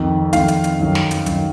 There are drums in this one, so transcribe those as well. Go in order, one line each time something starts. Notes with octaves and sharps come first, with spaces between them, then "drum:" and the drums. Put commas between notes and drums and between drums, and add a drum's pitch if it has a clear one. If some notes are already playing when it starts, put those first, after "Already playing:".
Already playing: F2 D#3
F2 D#3 F5, drum: hi-hat
drum: hi-hat
drum: hi-hat
F#2 D#3
drum: snare
drum: hi-hat
F#2 D#3, drum: hi-hat